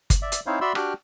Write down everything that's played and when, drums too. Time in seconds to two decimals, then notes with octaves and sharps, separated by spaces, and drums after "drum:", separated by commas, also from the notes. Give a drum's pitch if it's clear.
0.10 drum: kick G1, hi-hat
0.22 D5 E5
0.32 drum: hi-hat
0.46 C4 D#4 E4 C5 C#5 F5
0.61 F#4 D5 E5 B5 C6 E6
0.75 D4 F#4 G4 G5 F6 F#6, drum: rim click